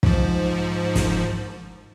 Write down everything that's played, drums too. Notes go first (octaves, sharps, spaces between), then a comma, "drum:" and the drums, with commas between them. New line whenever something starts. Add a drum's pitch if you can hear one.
G#2 F3, drum: kick
drum: snare